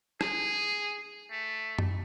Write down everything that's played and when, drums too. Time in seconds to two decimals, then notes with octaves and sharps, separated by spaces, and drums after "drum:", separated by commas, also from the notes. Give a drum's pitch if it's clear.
0.21 G#4, drum: rim click
1.31 A3
1.78 drum: tom F#2